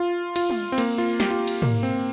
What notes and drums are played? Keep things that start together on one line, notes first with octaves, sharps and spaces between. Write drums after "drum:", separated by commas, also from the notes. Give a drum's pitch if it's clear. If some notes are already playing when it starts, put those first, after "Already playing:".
Already playing: F4
F4, drum: cymbal
drum: tom
C4
A#3, drum: cymbal
F4
G4, drum: snare
F4
drum: cymbal
A#3, drum: tom
C4